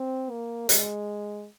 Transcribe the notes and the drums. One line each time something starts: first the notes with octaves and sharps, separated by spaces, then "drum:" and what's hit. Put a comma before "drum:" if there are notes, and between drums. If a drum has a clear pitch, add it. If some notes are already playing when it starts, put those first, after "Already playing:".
Already playing: C4
A#3
G#3, drum: hi-hat